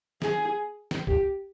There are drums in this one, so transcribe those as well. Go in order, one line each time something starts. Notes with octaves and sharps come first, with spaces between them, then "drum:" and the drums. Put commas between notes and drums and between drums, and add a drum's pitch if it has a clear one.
G#4, drum: snare
drum: snare
G4, drum: kick